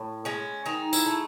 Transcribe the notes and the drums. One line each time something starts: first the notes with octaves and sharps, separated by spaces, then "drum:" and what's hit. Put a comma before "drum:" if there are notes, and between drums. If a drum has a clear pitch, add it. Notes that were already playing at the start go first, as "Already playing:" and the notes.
Already playing: A2
G#3 C#4
D#3 D#4
E4, drum: tambourine
A3